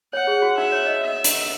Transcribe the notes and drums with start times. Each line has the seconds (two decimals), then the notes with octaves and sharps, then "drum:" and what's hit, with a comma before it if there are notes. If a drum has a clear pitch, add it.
0.13 C#5 F#5
0.27 G#4
0.42 F#4
0.57 D#4 E5
0.72 C#5
0.87 D#5
1.03 E5
1.24 drum: hi-hat